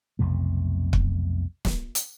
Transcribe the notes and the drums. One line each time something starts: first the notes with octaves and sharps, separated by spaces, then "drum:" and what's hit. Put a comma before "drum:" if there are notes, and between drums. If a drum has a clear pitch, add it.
B1 F2 C3 A3
drum: kick
drum: snare
drum: hi-hat